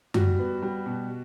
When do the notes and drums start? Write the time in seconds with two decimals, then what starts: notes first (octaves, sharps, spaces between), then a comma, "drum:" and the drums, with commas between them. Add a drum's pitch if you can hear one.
0.14 G3 F#4, drum: tom F#2
0.39 B3
0.62 G3
0.86 B2